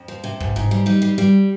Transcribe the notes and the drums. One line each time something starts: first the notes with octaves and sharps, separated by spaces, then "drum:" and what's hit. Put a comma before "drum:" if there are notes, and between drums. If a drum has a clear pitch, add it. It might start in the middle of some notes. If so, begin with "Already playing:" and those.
Already playing: F2
F3
C3
G#2, drum: kick
G#2, drum: snare
G3
G3 D#4
G3
G3, drum: snare